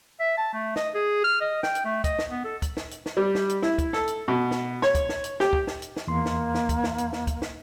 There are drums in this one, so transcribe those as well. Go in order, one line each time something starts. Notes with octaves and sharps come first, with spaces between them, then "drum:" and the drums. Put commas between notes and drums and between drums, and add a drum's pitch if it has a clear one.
E5
A5
A3
D#5, drum: snare
G#4
F6
D#5
G5, drum: snare
drum: hi-hat
A3
D#5, drum: kick, hi-hat
drum: snare
B3
A4
drum: kick, hi-hat
drum: snare
drum: hi-hat
drum: snare
G3
drum: snare
drum: hi-hat
E4, drum: snare
drum: kick, hi-hat
A4, drum: snare
drum: hi-hat
B2
drum: snare
C#5, drum: snare
drum: kick, hi-hat
drum: snare
drum: hi-hat
G4, drum: snare
drum: kick
drum: snare
drum: hi-hat
drum: snare
E2 A#3 C6
drum: snare
drum: snare
drum: kick, hi-hat
drum: snare
drum: hi-hat
drum: snare
drum: kick, hi-hat
drum: snare